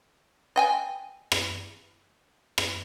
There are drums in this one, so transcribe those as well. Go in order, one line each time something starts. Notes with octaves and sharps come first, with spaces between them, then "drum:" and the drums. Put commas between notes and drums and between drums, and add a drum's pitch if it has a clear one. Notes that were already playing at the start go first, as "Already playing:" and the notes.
D#5 G5 G#5
drum: rim click
drum: rim click